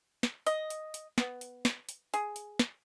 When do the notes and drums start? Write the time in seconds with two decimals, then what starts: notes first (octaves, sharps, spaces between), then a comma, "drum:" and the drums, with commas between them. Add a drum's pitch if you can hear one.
0.23 drum: snare
0.47 D#5, drum: hi-hat
0.70 drum: hi-hat
0.94 drum: hi-hat
1.18 B3, drum: snare
1.41 drum: hi-hat
1.65 drum: snare
1.89 drum: hi-hat
2.14 G#4, drum: hi-hat
2.36 drum: hi-hat
2.59 drum: snare